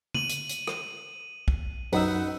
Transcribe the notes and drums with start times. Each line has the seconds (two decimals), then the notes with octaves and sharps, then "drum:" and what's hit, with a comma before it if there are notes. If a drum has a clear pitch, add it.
0.14 D#7 F#7, drum: tom C#3
0.29 drum: hi-hat
0.49 drum: hi-hat
0.67 drum: rim click
1.48 drum: kick
1.92 F#2 D#4 B4 F#5 E6, drum: open hi-hat